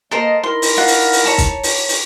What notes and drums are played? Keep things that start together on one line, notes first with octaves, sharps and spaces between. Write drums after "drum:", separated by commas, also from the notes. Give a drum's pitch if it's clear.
A#3 A4 A#4 C5 D#5
D#4 E4 A#4 C6
drum: open hi-hat
F4 F#5
drum: open hi-hat
drum: open hi-hat
C#5 A5 A#5
drum: kick, hi-hat
drum: open hi-hat
drum: open hi-hat